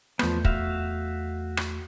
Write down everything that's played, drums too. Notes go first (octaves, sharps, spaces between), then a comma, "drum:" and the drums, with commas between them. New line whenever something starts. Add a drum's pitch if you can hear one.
E2 F3 A3 B3 G6, drum: rim click
F#4 E5 F5, drum: kick
drum: rim click